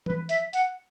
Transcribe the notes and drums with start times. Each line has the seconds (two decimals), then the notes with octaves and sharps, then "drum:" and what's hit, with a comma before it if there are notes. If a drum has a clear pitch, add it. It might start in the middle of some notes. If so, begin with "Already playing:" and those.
0.06 B4, drum: tom
0.29 E5, drum: hi-hat
0.53 F#5, drum: hi-hat